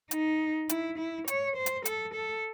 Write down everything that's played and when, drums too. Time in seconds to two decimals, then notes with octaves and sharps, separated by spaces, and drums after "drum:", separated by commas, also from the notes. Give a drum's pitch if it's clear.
0.11 D#4, drum: hi-hat
0.69 E4, drum: hi-hat
0.98 E4
1.28 C#5, drum: hi-hat
1.56 C5
1.66 drum: hi-hat
1.85 A4, drum: hi-hat
2.14 A4